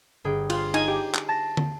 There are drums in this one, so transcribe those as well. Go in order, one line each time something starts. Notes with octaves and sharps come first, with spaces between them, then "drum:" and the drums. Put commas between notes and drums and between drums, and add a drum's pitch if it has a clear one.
G1 G#4 G5
F4, drum: cymbal
D#4 G#5, drum: cymbal
G4 G#5
drum: clap
A5 A6 A#6
drum: tom